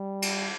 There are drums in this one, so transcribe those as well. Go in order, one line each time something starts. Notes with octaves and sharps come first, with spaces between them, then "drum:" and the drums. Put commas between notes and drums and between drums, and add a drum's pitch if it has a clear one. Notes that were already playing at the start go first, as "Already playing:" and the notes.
Already playing: G3
drum: cymbal